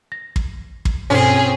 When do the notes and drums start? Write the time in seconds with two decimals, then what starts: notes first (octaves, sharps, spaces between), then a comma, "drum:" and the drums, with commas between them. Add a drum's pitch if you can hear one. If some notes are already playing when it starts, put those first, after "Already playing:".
0.12 A#6
0.36 drum: kick
0.85 drum: kick
1.10 G2 B2 C4 C#4 G#4